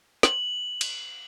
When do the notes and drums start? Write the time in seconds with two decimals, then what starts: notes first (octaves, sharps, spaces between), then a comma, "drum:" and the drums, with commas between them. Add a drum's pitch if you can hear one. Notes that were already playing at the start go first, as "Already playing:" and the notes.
0.23 F#7, drum: snare
0.81 drum: cymbal